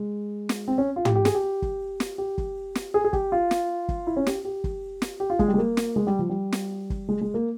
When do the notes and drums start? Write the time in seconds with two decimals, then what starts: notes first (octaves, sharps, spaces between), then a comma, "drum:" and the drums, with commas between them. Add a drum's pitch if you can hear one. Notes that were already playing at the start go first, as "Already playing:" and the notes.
Already playing: G#3
0.49 drum: snare
0.68 C4
0.78 C#4
0.96 F4
1.05 G4, drum: tom
1.15 G4
1.25 G#4, drum: snare
1.35 G4
1.62 drum: kick F#1
2.00 drum: snare
2.18 G4
2.38 drum: kick F#1
2.75 drum: snare
2.94 G#4
3.04 G#4
3.13 G4, drum: kick F#1
3.32 F4
3.51 drum: snare
3.89 drum: kick F#1
4.07 E4
4.17 C#4
4.27 G4, drum: snare
4.45 G4
4.64 drum: kick F#1
5.02 drum: snare
5.20 G4
5.30 F4
5.39 G#3, drum: kick F#1
5.48 G3
5.54 G#3
5.58 A#3
5.77 drum: snare
5.96 G#3
6.07 G3
6.19 F3
6.29 G3
6.52 drum: snare
6.90 drum: kick F#1
7.09 G#3
7.21 G#3
7.34 A#3